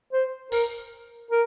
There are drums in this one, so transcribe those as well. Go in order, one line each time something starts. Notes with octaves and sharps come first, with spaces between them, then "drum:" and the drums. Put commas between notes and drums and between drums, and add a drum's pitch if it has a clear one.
C5
A#4, drum: open hi-hat
A#4